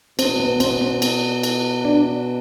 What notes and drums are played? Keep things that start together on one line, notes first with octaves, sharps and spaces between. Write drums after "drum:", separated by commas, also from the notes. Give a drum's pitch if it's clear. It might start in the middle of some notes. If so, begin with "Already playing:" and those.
B2 C4, drum: cymbal
B3
C4, drum: cymbal
C4
drum: cymbal
drum: cymbal
D4